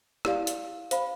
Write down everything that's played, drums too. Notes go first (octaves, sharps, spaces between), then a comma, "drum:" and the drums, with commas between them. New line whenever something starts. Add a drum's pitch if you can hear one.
E4 G4 D5 F5, drum: rim click
drum: hi-hat
C5 F5 B5, drum: hi-hat